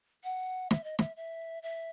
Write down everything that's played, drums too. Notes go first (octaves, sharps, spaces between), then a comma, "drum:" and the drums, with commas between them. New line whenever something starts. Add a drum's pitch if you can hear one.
F#5
E5, drum: snare
D#5
E5, drum: snare
E5
E5